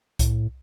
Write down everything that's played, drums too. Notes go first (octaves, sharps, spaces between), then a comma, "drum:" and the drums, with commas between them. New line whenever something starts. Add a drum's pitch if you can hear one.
A2, drum: kick C2, hi-hat